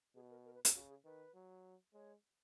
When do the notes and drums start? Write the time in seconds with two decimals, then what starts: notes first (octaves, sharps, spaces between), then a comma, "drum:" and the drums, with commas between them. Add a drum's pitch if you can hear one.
0.15 B2 G#4
0.30 A#4
0.45 A#4
0.55 B4
0.65 A#4, drum: hi-hat
0.75 C#3 F#4
0.90 G#4
1.05 D#3 B4
1.34 F#3
1.94 G#3 C#5